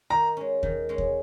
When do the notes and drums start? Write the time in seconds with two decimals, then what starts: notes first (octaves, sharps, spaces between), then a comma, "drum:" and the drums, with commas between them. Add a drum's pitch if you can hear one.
0.10 D#3 A#5
0.37 G#3 C#4
0.63 D#3, drum: kick D#2
0.89 G#3 C#4
0.98 drum: kick D#2